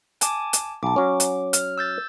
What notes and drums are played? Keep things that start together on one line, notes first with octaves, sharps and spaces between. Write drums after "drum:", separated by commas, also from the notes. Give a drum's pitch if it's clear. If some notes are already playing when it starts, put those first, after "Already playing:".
G#5 A5 D6, drum: hi-hat
drum: hi-hat
B1 A5 D6
F#3 C#4
drum: hi-hat
F6, drum: hi-hat
E6 G6 A6